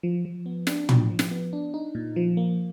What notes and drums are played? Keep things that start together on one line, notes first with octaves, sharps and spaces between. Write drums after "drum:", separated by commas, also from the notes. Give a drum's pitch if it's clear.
F3
F3
B3
D4, drum: snare
F3, drum: tom
F3
drum: snare
B3
D4
D#4
A#2
F3
A#3